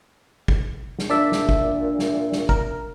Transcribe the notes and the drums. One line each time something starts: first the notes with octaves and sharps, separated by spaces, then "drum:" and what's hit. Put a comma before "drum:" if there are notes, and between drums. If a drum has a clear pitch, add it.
drum: kick
drum: snare
A#2 D4 D5 E5
drum: snare
drum: kick
drum: snare
drum: snare
A#4, drum: kick